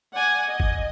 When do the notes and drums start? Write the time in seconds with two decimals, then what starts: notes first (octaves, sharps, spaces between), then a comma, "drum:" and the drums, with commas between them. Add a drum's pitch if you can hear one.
0.13 D5 F#5 G#5
0.46 D#5
0.60 drum: kick G1